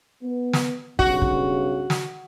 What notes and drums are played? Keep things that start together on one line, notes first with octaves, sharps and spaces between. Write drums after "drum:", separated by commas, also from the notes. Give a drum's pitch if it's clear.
B3
drum: snare
B1 G2 C#3 F#4, drum: kick
drum: kick
drum: snare